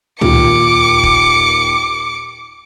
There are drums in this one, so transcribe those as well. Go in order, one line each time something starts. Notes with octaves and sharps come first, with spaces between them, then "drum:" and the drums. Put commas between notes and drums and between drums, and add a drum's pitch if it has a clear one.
D#2 A#2 F4 D6 C#7, drum: tom C#2
drum: kick